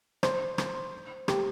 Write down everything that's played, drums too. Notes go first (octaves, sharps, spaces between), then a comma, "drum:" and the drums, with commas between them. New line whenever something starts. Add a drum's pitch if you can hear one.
C5, drum: rim click
drum: rim click
G4, drum: rim click